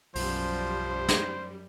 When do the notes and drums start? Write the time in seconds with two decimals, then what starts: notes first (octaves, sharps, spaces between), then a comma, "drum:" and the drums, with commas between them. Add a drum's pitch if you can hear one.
0.15 B1 F#2 F3 G3 C5, drum: open hi-hat
1.08 drum: snare